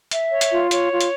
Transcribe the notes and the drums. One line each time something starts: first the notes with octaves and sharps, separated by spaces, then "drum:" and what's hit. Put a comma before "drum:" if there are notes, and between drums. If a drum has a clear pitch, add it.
E5, drum: hi-hat
C#5
drum: hi-hat
F4
C#5, drum: hi-hat
F4
drum: hi-hat